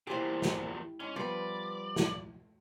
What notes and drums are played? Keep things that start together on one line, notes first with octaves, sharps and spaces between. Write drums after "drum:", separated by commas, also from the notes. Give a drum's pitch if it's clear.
E2 A#2 E4 G4 G#4 C5
drum: snare
G#2 C#4
F3 G3 B3 B4 D5
drum: snare